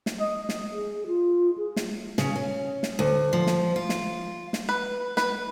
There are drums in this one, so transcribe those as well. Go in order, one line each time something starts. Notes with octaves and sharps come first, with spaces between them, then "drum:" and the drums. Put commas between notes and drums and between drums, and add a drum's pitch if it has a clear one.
drum: snare
D#5
drum: snare
G#4
F4
G#4
drum: snare
C#3, drum: snare
C#4
drum: snare
D2
F3
drum: snare
F4
drum: snare
drum: snare
B4
B4, drum: snare